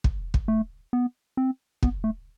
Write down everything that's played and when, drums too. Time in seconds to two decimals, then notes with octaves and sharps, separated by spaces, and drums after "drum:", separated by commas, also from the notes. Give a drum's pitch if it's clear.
0.04 drum: kick
0.34 drum: kick
0.48 A3
0.93 B3
1.37 C4
1.83 B3, drum: kick
2.04 A3